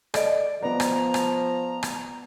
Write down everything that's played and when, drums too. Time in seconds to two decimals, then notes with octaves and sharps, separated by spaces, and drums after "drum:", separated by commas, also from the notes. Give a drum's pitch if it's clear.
0.14 A4 D5 D#5, drum: rim click
0.63 F3 B3 B4 D5 A#5
0.80 drum: rim click
1.14 drum: rim click
1.83 drum: rim click